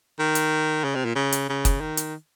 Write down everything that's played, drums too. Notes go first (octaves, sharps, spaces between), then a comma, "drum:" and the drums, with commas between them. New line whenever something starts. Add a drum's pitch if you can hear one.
D#3
drum: hi-hat
C#3
C3
A#2
C#3
drum: hi-hat
C#3
drum: kick F#1, hi-hat
D#3
drum: hi-hat